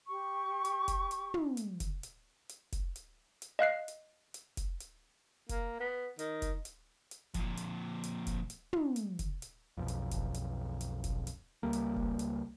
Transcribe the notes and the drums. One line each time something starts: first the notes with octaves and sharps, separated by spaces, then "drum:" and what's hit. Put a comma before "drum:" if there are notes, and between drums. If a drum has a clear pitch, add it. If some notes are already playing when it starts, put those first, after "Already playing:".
G4 C#6
drum: hi-hat
drum: kick F1, hi-hat
drum: hi-hat
drum: tom
drum: hi-hat
drum: kick F1, hi-hat
drum: hi-hat
drum: hi-hat
drum: kick F1, hi-hat
drum: hi-hat
drum: hi-hat
D#5 F5 F#6 C7
drum: hi-hat
drum: hi-hat
drum: kick F1, hi-hat
drum: hi-hat
A#3, drum: kick F1, hi-hat
B3
D#3, drum: hi-hat
drum: kick F1, hi-hat
drum: hi-hat
drum: hi-hat
F2 A#2, drum: kick F1, hi-hat
drum: hi-hat
drum: hi-hat
drum: kick F1, hi-hat
drum: hi-hat
drum: tom
drum: hi-hat
drum: kick F1, hi-hat
drum: hi-hat
B1 F2
drum: hi-hat
drum: kick F1, hi-hat
drum: hi-hat
drum: hi-hat
drum: kick F1, hi-hat
drum: hi-hat
C#2 G3 A#3
drum: hi-hat
drum: kick F1
drum: hi-hat